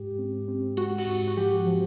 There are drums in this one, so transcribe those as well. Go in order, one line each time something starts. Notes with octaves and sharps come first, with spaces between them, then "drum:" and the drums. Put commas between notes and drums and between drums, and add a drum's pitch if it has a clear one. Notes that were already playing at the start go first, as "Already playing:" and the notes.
Already playing: G#2 G#3 G4
C4
C4
G#3 F#4, drum: hi-hat
F#4, drum: cymbal
G#2
F#4
F3 G4
F3